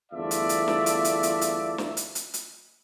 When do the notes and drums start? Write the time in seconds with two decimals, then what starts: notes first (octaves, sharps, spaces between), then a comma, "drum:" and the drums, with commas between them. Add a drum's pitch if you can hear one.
0.12 G1 E2 A3 F4 D5 E5
0.31 drum: hi-hat
0.49 drum: hi-hat
0.68 drum: snare
0.86 drum: hi-hat
1.05 drum: hi-hat
1.23 drum: hi-hat
1.41 drum: hi-hat
1.78 drum: snare
1.97 drum: hi-hat
2.15 drum: hi-hat
2.34 drum: hi-hat